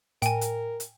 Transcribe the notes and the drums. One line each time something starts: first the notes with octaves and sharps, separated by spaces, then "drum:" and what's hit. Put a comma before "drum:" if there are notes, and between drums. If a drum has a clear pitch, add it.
A2 A#4 G5 G#5, drum: hi-hat
drum: hi-hat
drum: hi-hat